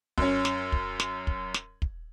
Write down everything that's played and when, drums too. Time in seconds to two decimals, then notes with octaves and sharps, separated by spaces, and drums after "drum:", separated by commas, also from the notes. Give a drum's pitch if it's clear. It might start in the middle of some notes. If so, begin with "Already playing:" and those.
0.18 F#2 C#4, drum: kick
0.45 drum: snare
0.72 drum: kick
1.00 drum: snare
1.27 drum: kick
1.54 drum: snare
1.82 drum: kick